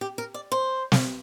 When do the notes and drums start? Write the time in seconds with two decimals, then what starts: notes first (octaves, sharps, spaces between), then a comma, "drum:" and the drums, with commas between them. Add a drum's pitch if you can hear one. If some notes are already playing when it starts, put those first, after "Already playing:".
0.01 G4
0.18 A#4
0.34 D5
0.52 C5
0.92 drum: snare